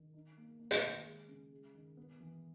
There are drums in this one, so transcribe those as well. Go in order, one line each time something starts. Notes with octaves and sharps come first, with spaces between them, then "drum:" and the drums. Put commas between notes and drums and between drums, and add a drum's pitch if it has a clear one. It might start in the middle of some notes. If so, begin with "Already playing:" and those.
Already playing: D#3
D#4
A#3
A#3
drum: hi-hat
D#3
G#3
C#3
G#3
D#3
B3
E3